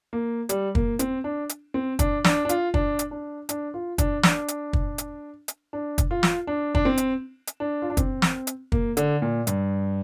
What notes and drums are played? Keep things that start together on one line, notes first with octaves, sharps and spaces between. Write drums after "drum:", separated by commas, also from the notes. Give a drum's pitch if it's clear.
A#3
G3, drum: hi-hat
A#3, drum: kick
C4, drum: hi-hat
D4
drum: hi-hat
C4
D4, drum: kick, hi-hat
D4, drum: snare
D4
F4, drum: hi-hat
D4, drum: kick
drum: hi-hat
D4
D4, drum: hi-hat
F4
D4, drum: kick, hi-hat
D4, drum: snare
drum: hi-hat
drum: kick
drum: hi-hat
drum: hi-hat
D4
drum: kick, hi-hat
F4
drum: snare
D4
D4, drum: kick
C4
drum: hi-hat
drum: hi-hat
D4
F4
D4
C4, drum: kick, hi-hat
drum: snare
drum: hi-hat
A#3, drum: kick
D3, drum: hi-hat
A#2
G2, drum: hi-hat